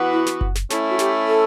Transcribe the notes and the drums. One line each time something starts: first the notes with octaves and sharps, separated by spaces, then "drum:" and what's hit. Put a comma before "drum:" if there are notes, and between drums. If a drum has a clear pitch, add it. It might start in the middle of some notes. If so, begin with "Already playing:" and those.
Already playing: E3 B3 F#4
E4
drum: snare
drum: kick F#1
drum: snare
A3 C#4 E4, drum: snare
F#4
G4, drum: snare
A4